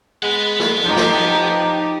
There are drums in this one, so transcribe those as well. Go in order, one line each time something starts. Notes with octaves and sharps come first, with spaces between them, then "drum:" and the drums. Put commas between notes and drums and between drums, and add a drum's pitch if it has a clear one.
G#3 B4 F#5
drum: snare
F3 D#4 G4
drum: snare